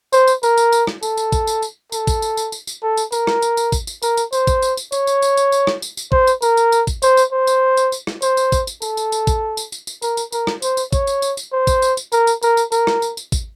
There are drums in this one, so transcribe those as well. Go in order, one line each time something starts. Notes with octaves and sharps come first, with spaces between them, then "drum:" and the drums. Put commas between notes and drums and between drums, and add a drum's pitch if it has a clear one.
C5, drum: tambourine
drum: tambourine
A#4, drum: tambourine
drum: tambourine
drum: tambourine
drum: rim click
A4, drum: tambourine
drum: tambourine
drum: kick, tambourine
drum: tambourine
drum: tambourine
A4, drum: tambourine
drum: kick, tambourine
drum: tambourine
drum: tambourine
drum: tambourine
drum: tambourine
A4
drum: tambourine
A#4, drum: tambourine
drum: rim click
drum: tambourine
drum: tambourine
drum: kick, tambourine
drum: tambourine
A#4, drum: tambourine
drum: tambourine
C5, drum: tambourine
drum: kick, tambourine
drum: tambourine
drum: tambourine
C#5, drum: tambourine
drum: tambourine
drum: tambourine
drum: tambourine
drum: tambourine
drum: rim click
drum: tambourine
drum: tambourine
C5, drum: kick
drum: tambourine
A#4, drum: tambourine
drum: tambourine
drum: tambourine
drum: kick, tambourine
C5, drum: tambourine
drum: tambourine
C5
drum: tambourine
drum: tambourine
drum: tambourine
drum: rim click
C5, drum: tambourine
drum: tambourine
drum: kick, tambourine
drum: tambourine
A4, drum: tambourine
drum: tambourine
drum: tambourine
drum: kick, tambourine
drum: tambourine
drum: tambourine
drum: tambourine
A#4, drum: tambourine
drum: tambourine
A#4, drum: tambourine
drum: rim click
C5, drum: tambourine
drum: tambourine
C#5, drum: kick, tambourine
drum: tambourine
drum: tambourine
drum: tambourine
C5
drum: kick, tambourine
drum: tambourine
drum: tambourine
A#4, drum: tambourine
drum: tambourine
A#4, drum: tambourine
drum: tambourine
A#4, drum: tambourine
drum: rim click
drum: tambourine
drum: tambourine
drum: kick, tambourine